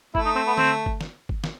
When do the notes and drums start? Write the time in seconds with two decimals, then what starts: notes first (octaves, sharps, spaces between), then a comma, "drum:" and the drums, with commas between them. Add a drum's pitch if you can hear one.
0.15 A3 E4, drum: kick G1
0.25 D#4
0.36 C4
0.47 B3
0.58 C4, drum: tom D3
0.86 drum: kick G1
1.01 drum: snare
1.29 drum: kick G1
1.44 drum: snare